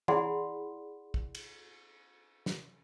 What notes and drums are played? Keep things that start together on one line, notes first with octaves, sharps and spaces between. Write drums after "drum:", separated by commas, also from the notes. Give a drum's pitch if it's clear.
E4 G#4 D5 F#5 B5 C6, drum: tom E3
drum: kick
drum: cymbal
drum: snare